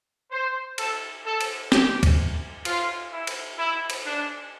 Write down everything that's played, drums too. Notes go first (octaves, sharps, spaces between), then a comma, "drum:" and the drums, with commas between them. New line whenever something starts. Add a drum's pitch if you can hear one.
C5
A4, drum: cymbal
A4
drum: cymbal
G4, drum: snare
drum: kick, cymbal
F4, drum: cymbal
E4
drum: cymbal
E4
drum: cymbal
D4